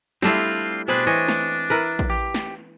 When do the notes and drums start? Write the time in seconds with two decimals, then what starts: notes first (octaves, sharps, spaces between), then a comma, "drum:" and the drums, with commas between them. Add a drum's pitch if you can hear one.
0.22 G3 A3 C4 D4 E4 F4, drum: snare
0.88 B2 C4 D4 G#4 B4
1.07 E3 C#5 D#5
1.28 drum: snare
1.70 E4 A#4 B4
1.99 drum: kick
2.10 G4
2.34 drum: snare